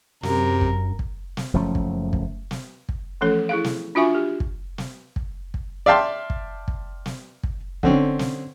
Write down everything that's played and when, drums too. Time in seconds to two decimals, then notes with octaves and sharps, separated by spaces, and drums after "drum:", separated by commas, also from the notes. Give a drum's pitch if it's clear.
0.23 F#2 C3 A#4, drum: snare
0.61 drum: kick
0.99 drum: kick
1.37 drum: snare
1.54 F#1 F3 A3 C#4
1.75 drum: kick
2.13 drum: kick
2.51 drum: snare
2.89 drum: kick
3.21 E3 F3 A3 C#4 A4
3.49 E4 G#4 F5
3.64 drum: snare
3.95 D4 F4 F#4 E5 G#5 C#6
4.15 G4
4.40 drum: kick
4.78 drum: snare
5.16 drum: kick
5.54 drum: kick
5.86 D5 E5 F5 G5 A5 C6
6.30 drum: kick
6.68 drum: kick
7.06 drum: snare
7.43 drum: kick
7.83 D3 C4 C#4, drum: kick
8.19 drum: snare